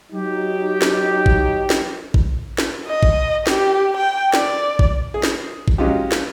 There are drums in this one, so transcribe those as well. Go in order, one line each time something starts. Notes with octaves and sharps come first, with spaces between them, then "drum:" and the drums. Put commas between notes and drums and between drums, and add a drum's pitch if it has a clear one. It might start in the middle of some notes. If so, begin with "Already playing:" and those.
F#3 D#4 G4
drum: snare
drum: kick A1
drum: snare
drum: kick A1
drum: snare
D#5
drum: kick A1
G4, drum: snare
G5
D5, drum: snare
drum: kick A1
G#4
drum: snare
drum: kick A1
F#3 G#3 C#4 D#4 F4 G4
drum: snare